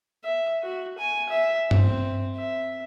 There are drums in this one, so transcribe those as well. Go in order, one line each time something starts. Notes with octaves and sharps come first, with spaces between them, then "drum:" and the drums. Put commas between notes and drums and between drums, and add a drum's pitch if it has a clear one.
E5
F#4
G#5
E5
C4, drum: tom G2
E5